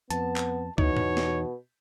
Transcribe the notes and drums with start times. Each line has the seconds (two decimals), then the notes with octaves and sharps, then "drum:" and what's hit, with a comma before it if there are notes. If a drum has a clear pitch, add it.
0.10 F2 B3 A5, drum: hi-hat
0.36 drum: clap
0.78 E2 B2 E3 D#4 C#5, drum: kick
0.97 drum: tom
1.17 drum: snare